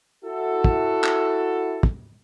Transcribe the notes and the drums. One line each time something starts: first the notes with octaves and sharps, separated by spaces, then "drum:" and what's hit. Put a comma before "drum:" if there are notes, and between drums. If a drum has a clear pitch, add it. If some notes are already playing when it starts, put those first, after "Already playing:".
E4 F#4 A4
drum: kick
drum: clap
drum: kick